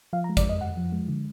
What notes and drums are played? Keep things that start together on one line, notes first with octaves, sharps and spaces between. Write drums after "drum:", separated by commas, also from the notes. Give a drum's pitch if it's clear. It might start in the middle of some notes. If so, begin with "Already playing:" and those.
F3 F5
A#5
G#3
D5, drum: kick, hi-hat
F2 D#5
F2 F#5
F3
G#3
D3